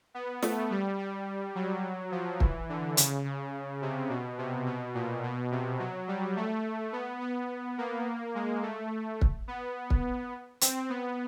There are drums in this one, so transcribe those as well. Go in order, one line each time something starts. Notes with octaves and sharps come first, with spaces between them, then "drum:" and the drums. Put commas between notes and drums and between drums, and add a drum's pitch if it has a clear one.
B3
A3, drum: snare
G3
G3
F#3
F3
E3, drum: kick
D3
C#3, drum: hi-hat
C#3
C3
B2
C3
B2
A#2
B2
C3
F#3
G3
A3
B3
B3
A#3
G#3
A3
drum: kick
B3
drum: kick
C4, drum: hi-hat
B3